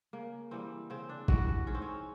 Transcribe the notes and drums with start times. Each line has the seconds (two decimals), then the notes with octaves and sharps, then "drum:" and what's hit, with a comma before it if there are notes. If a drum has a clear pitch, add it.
0.13 C#3 A#3
0.51 E3 G3 C4
0.90 C#3 C4
1.09 D4
1.28 E3 G3 F#4, drum: kick
1.48 F#4
1.67 G#2 C#4
1.75 C4
1.82 C#4